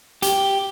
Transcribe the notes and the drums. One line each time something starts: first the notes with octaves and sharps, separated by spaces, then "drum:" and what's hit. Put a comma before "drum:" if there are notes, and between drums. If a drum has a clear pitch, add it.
G4, drum: hi-hat